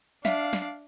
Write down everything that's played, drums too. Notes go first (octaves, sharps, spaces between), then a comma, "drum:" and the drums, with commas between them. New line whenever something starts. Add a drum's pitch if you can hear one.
D4 E5 F5, drum: snare
drum: snare